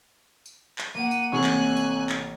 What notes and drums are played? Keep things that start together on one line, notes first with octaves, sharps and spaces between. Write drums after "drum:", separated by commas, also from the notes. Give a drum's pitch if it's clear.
drum: tambourine
drum: clap
A#3 F#5 D#7
drum: tambourine
A1 C3 G#5 C#6 F#6
drum: clap
drum: tambourine
drum: clap